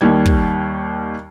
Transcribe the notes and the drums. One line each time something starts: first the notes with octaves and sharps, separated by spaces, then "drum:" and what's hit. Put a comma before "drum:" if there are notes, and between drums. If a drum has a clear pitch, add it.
D#2 D#3 G3 G#6
drum: kick